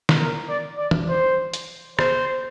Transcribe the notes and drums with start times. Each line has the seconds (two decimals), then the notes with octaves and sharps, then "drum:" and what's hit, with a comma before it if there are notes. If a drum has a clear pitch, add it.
0.09 drum: snare
0.19 A#4
0.49 D5
0.78 D5
0.91 drum: tom E3
1.09 C5
1.54 drum: hi-hat
1.99 C5, drum: rim click